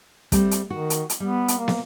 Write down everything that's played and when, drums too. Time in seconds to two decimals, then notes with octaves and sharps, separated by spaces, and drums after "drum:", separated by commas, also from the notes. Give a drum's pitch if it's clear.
0.32 G3 A3 C4, drum: kick, hi-hat
0.51 drum: hi-hat
0.70 D#3 F#4
0.90 drum: hi-hat
1.09 drum: hi-hat
1.20 G3 B3
1.48 drum: hi-hat
1.58 A#3
1.68 drum: snare